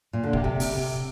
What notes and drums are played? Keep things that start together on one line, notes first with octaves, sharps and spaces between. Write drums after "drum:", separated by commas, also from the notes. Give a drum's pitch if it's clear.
A#2
D3
C3, drum: kick
C3
drum: open hi-hat